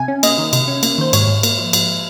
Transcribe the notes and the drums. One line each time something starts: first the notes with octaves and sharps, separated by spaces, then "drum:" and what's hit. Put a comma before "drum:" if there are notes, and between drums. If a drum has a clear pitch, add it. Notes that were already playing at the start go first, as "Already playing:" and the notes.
Already playing: C3 G#5
C#4
A#3 D#5, drum: cymbal
D#3
C3, drum: cymbal
C#4
A#3, drum: cymbal
D#3 C5
G#2 C#5, drum: cymbal
G#2
A#3, drum: cymbal
F3
G#2, drum: cymbal